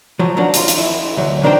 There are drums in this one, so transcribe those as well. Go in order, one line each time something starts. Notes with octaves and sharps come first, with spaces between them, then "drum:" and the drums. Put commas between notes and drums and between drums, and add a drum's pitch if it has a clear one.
F3 F#3
F3 F#3 A#3 D4 F#4
D#2 F4, drum: hi-hat
drum: hi-hat
E4
D2 F#3
D#3 D4 A#4 C5 G5